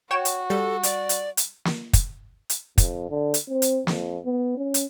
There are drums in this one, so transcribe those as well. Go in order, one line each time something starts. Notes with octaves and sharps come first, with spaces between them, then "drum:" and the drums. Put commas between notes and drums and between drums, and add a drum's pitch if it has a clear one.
F#4 C#5 G5 E7
drum: hi-hat
G3 A4
D5, drum: hi-hat
drum: hi-hat
drum: hi-hat
drum: snare
drum: kick, hi-hat
drum: hi-hat
F2, drum: kick, hi-hat
D3
drum: hi-hat
C4
drum: hi-hat
F2, drum: snare
B3
C#4
drum: hi-hat